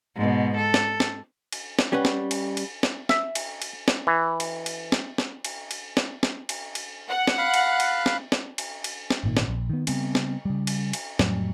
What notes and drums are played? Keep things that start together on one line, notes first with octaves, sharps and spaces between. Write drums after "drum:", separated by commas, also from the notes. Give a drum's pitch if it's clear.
G#2 B2
A4
drum: snare
drum: snare
drum: cymbal
drum: snare
G3 C#4 B4 F#5
drum: snare
drum: cymbal
drum: cymbal
drum: snare
E5, drum: snare
drum: cymbal
drum: cymbal
drum: snare
E3
drum: cymbal
drum: cymbal
drum: snare
drum: snare
drum: cymbal
drum: cymbal
drum: snare
drum: snare
drum: cymbal
drum: cymbal
F#5
drum: snare
F5 B5 F#6
drum: cymbal
drum: cymbal
drum: snare
drum: snare
drum: cymbal
drum: cymbal
drum: snare
G#1 A#2 D#3
drum: snare
A#1
D#3 B3
C#3 G3 B3 C4, drum: cymbal
drum: snare
C#3 G3
drum: cymbal
drum: cymbal
F2 A2 F#3 G3, drum: snare